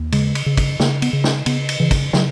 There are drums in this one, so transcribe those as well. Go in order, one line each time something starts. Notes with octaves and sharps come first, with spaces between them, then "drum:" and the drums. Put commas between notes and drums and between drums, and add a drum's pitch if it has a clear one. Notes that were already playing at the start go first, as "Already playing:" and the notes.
Already playing: D#2
C#3 G#3, drum: cymbal
drum: cymbal
C#3
drum: kick, cymbal
C#3 A#3, drum: snare
B3, drum: cymbal
C#3
C#4, drum: snare
C#3 B3, drum: cymbal
drum: cymbal
C#3 E3
drum: kick, cymbal
C#3 F#3, drum: snare